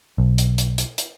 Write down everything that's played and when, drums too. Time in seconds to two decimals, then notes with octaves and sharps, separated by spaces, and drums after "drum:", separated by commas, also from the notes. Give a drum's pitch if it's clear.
0.18 B1
0.38 drum: hi-hat
0.58 drum: hi-hat
0.78 drum: hi-hat
0.98 drum: hi-hat